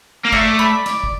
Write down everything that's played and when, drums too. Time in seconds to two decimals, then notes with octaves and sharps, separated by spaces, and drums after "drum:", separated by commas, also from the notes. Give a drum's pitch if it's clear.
0.25 A#3
0.32 A3 D5, drum: kick
0.59 B5
0.86 D5, drum: snare
1.04 drum: kick